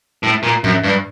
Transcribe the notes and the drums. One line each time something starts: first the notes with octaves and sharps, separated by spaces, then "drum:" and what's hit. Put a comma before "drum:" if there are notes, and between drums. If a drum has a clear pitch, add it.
A2
A#2
F#2, drum: tom G#2
G2